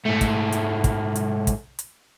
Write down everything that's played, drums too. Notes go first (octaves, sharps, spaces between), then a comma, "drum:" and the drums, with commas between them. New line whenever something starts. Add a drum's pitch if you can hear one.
G#2 A3
drum: kick, hi-hat
drum: hi-hat
drum: kick, hi-hat
drum: hi-hat
drum: kick, hi-hat
drum: hi-hat